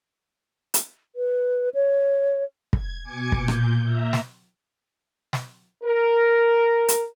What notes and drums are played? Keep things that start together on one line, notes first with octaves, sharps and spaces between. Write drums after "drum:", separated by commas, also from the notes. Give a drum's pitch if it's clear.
drum: hi-hat
B4
C#5
G#6, drum: kick
B2 G#5 D6 G#6 C#7
A#2 G6, drum: kick
drum: rim click
A#2 E5 A#5
drum: snare
drum: snare
A#4
drum: hi-hat